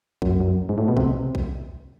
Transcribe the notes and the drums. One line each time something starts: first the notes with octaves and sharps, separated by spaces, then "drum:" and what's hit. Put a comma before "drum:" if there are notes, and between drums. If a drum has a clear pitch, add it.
F#2, drum: kick A#1
F#2
G#2
A2
B2
C3, drum: kick A#1
drum: kick A#1